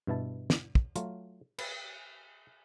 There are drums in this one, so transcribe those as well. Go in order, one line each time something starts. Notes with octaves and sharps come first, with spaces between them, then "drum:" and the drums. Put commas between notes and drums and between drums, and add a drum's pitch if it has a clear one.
G2 B2 E4 A5
drum: snare
drum: kick
F#3 A3 F4, drum: hi-hat
B4, drum: cymbal